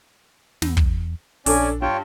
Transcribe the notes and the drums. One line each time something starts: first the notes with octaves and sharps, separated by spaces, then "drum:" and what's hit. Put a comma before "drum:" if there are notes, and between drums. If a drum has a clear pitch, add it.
E2, drum: snare
drum: kick
A#1 C#4 D4 A4 D5 G#5, drum: open hi-hat
G2 F4 C#5 G5